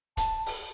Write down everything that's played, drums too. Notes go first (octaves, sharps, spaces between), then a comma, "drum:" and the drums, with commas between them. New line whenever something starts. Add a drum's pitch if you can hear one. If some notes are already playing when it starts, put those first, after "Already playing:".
A5, drum: kick C#1, hi-hat
drum: open hi-hat